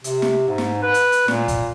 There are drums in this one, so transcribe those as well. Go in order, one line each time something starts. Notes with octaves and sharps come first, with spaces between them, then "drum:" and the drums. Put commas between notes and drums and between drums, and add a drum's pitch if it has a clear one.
C3, drum: hi-hat
drum: snare
G#2
drum: snare
B4
drum: hi-hat
drum: hi-hat
A#2, drum: snare
drum: kick, hi-hat